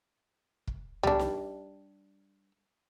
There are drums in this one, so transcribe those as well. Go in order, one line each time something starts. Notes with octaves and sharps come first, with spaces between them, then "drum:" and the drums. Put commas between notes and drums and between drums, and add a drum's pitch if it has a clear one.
drum: kick
G3 D4, drum: tom C2
drum: snare